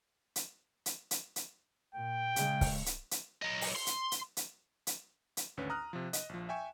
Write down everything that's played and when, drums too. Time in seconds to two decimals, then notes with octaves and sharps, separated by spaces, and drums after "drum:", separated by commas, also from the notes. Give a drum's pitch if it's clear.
0.36 drum: hi-hat
0.86 drum: hi-hat
1.11 drum: hi-hat
1.36 drum: hi-hat
1.94 A#2 G5
2.36 C#3 G#3, drum: hi-hat
2.61 drum: kick, open hi-hat
2.86 drum: hi-hat
3.11 drum: hi-hat
3.42 F#3 D#5
3.61 drum: open hi-hat
3.75 C6
3.86 drum: hi-hat
4.12 drum: hi-hat
4.37 drum: hi-hat
4.87 drum: hi-hat
5.37 drum: hi-hat
5.57 G#1 D2 C#4 B4
5.70 A#5 D#6 F6 F#6
5.93 C3 F3
6.13 D#5, drum: hi-hat
6.29 A#1 F3
6.49 E5 G5 G#5 C#6 E7